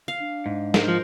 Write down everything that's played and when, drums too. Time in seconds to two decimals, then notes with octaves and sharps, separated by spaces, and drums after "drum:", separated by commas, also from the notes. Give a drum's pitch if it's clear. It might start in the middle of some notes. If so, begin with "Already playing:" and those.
0.08 F5
0.19 D4
0.46 G#2
0.74 A#4 C5, drum: snare
0.88 F3